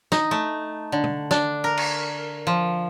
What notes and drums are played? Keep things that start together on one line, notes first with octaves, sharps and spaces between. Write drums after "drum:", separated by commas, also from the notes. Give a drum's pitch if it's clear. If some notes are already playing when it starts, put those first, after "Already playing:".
D#4, drum: snare
A3
D3
drum: tom
D4, drum: snare
A#4
drum: cymbal
F3